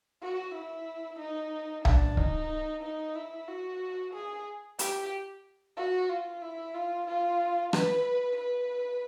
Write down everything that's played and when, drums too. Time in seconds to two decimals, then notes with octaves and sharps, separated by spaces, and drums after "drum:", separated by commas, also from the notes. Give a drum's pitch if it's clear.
0.23 F#4
0.55 E4
1.19 D#4
1.85 D4, drum: tom B1
2.17 D#4, drum: kick
2.83 D#4
3.16 E4
3.48 F#4
4.14 G#4
4.79 G4, drum: hi-hat
5.77 F#4
6.09 F4
6.42 E4
6.74 F4
7.07 F4
7.73 B4, drum: rim click
8.38 B4